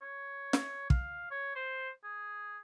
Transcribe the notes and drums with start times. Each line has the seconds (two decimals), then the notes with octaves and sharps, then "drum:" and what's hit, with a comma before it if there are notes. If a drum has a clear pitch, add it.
0.02 C#5
0.53 drum: snare
0.90 F5, drum: kick
1.31 C#5
1.55 C5
2.04 G#4